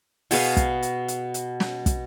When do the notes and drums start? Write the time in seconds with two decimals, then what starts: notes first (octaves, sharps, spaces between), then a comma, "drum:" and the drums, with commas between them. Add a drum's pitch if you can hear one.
0.31 B2 G#4 B4 F5, drum: open hi-hat
0.57 drum: kick, hi-hat
0.82 drum: hi-hat
1.08 drum: hi-hat
1.34 drum: hi-hat
1.60 drum: snare
1.86 drum: kick, hi-hat